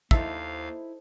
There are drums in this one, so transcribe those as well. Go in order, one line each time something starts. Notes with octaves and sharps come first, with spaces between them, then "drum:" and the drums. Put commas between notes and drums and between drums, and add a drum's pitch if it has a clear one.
D#2 D#4 E4 A4 C5 E5 F5, drum: kick